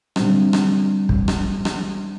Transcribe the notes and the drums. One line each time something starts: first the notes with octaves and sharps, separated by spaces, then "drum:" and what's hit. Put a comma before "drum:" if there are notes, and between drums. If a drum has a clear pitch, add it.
D3 G3 C4, drum: rim click
drum: rim click
drum: kick
drum: rim click
drum: rim click